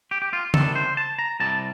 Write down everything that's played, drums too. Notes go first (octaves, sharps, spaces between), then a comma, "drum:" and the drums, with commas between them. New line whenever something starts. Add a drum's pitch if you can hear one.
G4
G4
F4
C3 D#3 G3 D4 A4, drum: tom C#3
C5
A5
A#5
C2 C3 G3 A5